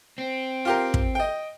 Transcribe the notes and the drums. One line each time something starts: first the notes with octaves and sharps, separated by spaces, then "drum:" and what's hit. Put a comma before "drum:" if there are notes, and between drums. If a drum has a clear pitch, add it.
C4
F4 G4 A#4
drum: kick
D#5 G5